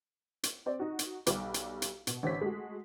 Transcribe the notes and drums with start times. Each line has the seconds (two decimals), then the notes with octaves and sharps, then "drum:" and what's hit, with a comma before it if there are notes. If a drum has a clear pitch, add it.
0.43 drum: hi-hat
0.66 C4 D5
0.79 D#4 F#4
0.99 drum: hi-hat
1.26 B1 G3 G4 D6, drum: hi-hat
1.54 drum: hi-hat
1.82 drum: hi-hat
2.07 B2, drum: hi-hat
2.23 A1 D3 C5 C#5 B6
2.41 G#3 A3 F#4